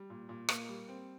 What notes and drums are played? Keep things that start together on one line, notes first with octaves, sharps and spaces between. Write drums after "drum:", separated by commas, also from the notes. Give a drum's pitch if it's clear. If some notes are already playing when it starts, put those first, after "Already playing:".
Already playing: G3
A#2
A#2
A#3, drum: rim click
G3
C4